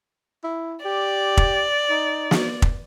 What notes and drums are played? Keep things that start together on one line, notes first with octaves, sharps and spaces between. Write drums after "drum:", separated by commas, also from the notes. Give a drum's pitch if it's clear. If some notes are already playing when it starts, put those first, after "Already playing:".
E4
G4 D5
drum: kick
D#4
drum: snare
drum: kick